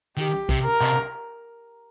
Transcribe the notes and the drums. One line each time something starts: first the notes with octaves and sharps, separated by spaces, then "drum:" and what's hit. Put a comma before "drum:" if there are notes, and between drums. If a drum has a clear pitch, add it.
D#3 G4
C3, drum: kick
A#4
C3, drum: clap